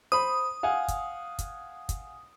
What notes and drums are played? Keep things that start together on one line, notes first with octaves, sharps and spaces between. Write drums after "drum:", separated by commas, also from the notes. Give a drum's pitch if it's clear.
C5 B5 D#6
F5 F#5 G#5
drum: kick, hi-hat
drum: kick, hi-hat
drum: kick, hi-hat